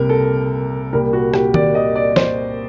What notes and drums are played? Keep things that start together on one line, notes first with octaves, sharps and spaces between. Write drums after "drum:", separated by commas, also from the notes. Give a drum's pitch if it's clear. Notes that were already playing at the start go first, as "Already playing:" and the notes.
Already playing: C2 C3 G3 A#3 A#4
A4
C2 A#2 G3 A#4
F#4
G4, drum: rim click
D5, drum: tom D#3
D#5
D5
C5, drum: snare